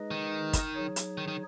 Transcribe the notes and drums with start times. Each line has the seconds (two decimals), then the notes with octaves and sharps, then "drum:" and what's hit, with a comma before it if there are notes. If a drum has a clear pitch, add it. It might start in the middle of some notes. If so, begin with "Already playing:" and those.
Already playing: G#3 D#4 G#4 B4 D#5
0.11 D#3
0.53 drum: kick, hi-hat
0.74 F#3 D#4 G#4 C#5
0.96 drum: hi-hat
1.18 D#3
1.28 D#3